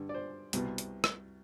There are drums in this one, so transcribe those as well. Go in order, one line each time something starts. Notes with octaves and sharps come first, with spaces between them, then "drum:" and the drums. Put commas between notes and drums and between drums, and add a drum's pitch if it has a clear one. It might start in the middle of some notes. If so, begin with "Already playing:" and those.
Already playing: G2 D3
D5
C5
C2 B2, drum: hi-hat
drum: hi-hat
drum: rim click